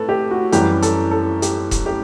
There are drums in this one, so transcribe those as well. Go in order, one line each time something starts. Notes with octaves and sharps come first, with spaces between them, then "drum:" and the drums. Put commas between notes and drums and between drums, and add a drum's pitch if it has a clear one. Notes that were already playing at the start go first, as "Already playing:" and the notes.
Already playing: A2 A4 B4
G4
F#4
F#2 E3 G3 G4, drum: hi-hat
A4, drum: hi-hat
A4
G4, drum: hi-hat
drum: kick E1, hi-hat
G4